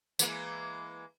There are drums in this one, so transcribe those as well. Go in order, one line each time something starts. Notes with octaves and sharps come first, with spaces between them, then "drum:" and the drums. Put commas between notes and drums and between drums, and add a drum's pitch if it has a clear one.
E3 G#3 A#3, drum: tambourine